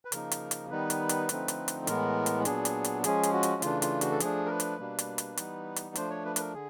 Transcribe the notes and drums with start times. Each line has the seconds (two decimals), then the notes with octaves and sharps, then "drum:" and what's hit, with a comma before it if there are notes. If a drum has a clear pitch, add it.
0.05 B4
0.12 C#3 F3 A#3 D#4 A#4, drum: hi-hat
0.32 drum: hi-hat
0.51 drum: hi-hat
0.70 D#3 G3 B3 D#4 B4
0.90 drum: hi-hat
1.09 drum: hi-hat
1.29 D3 F3 A3 C4 D#4, drum: hi-hat
1.48 drum: hi-hat
1.68 drum: hi-hat
1.87 A2 E3 G#3 B3 A#4, drum: hi-hat
2.26 drum: hi-hat
2.45 A#2 F#3 B3 D4 G#4, drum: hi-hat
2.65 drum: hi-hat
2.84 drum: hi-hat
3.04 F3 G#3 C#4 G#4, drum: hi-hat
3.23 drum: hi-hat
3.33 F#4
3.43 drum: hi-hat
3.62 C#3 E3 A3 D4 F4, drum: hi-hat
3.82 F4, drum: hi-hat
4.01 F#4, drum: hi-hat
4.12 A4
4.20 F3 A3 D4 G#4, drum: hi-hat
4.46 A#4
4.50 B4
4.60 drum: hi-hat
4.79 B2 G3 A#3 D4
4.99 drum: hi-hat
5.18 drum: hi-hat
5.37 E3 G3 B3 D#4, drum: hi-hat
5.76 drum: hi-hat
5.96 F3 A3 D4 C5, drum: hi-hat
6.10 C#5
6.25 B4
6.36 B4, drum: hi-hat
6.40 A#4
6.54 D3 G#4